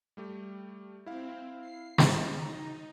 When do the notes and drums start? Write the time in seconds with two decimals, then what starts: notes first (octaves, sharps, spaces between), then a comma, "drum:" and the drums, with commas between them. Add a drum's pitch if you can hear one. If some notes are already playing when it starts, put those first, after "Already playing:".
0.17 G3 A3 G4
1.06 C4 E4 F5
1.61 C7
1.98 F#4 G#4 A6, drum: snare
2.42 D#4 A#5